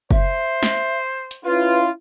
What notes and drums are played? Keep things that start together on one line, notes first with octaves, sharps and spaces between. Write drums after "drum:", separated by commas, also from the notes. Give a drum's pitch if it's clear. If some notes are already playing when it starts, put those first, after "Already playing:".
C5 E5, drum: kick F#1
drum: snare
drum: hi-hat
C#4 E4 F4 B4